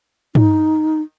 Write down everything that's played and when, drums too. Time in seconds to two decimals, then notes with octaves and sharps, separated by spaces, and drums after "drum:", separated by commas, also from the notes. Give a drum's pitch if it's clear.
0.35 D#4, drum: tom